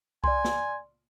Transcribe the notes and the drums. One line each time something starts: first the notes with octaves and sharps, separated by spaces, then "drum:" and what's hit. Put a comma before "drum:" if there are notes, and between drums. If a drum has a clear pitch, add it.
D5 G#5 C6, drum: kick C2
drum: snare